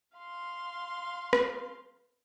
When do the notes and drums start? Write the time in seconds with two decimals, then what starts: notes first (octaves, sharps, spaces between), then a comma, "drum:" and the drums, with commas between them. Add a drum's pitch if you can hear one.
0.17 F5 C6
1.33 drum: rim click